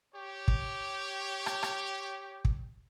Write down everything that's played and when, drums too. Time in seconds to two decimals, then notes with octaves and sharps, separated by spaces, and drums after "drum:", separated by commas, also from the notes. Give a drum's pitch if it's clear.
0.15 G4 C#5
0.48 drum: kick
1.46 drum: rim click
1.63 drum: rim click
2.45 drum: kick